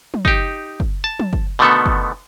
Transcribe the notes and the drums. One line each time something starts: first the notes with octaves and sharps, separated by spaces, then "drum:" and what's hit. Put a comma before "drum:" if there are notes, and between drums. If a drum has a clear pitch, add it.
drum: tom F3
D#4 G4, drum: kick
drum: kick
A5
drum: tom F3
drum: kick
B2 D3 D#3 A3 B3 A4
drum: kick